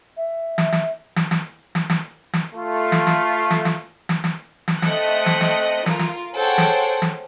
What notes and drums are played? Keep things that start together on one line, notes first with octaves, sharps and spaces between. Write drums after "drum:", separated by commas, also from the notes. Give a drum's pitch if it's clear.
E5
drum: snare
drum: snare
drum: snare
drum: snare
drum: snare
drum: snare
drum: snare
A3 F4
drum: snare
drum: snare
drum: snare
drum: snare
drum: snare
drum: snare
drum: snare
A3 C4 D#5 D#6 F#6 C#7, drum: snare
drum: snare
drum: snare
F4 A#4, drum: snare
drum: snare
G#4 A4 C5 C#5 F#5 G5
drum: snare
drum: snare